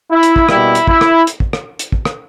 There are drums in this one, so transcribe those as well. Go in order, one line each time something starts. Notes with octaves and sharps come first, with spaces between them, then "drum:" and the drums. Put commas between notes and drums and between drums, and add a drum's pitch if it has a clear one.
E4
drum: hi-hat
drum: kick
B2 G3 A#3 E4, drum: rim click
drum: hi-hat
E4, drum: kick
drum: rim click
drum: hi-hat
drum: kick
drum: rim click
drum: hi-hat
drum: kick
drum: rim click